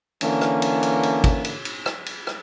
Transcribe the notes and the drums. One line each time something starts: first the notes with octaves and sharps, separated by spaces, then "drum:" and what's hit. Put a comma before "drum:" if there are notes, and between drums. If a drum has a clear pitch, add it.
D3 E3 A#3 C#4, drum: cymbal
drum: rim click
drum: cymbal
drum: cymbal
drum: cymbal
drum: kick, cymbal
drum: cymbal
drum: cymbal
drum: rim click
drum: cymbal
drum: rim click